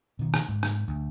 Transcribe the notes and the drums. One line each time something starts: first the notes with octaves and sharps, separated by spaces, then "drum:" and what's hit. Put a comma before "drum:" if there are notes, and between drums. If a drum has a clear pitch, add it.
B2 D#3
drum: rim click
G#2
drum: rim click
D2